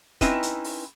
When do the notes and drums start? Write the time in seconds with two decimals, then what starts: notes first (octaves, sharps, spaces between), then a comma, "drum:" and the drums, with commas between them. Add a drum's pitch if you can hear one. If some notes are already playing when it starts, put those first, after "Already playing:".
0.21 C4 C#4 D#4 E4 B4, drum: kick, hi-hat
0.43 drum: hi-hat
0.64 drum: open hi-hat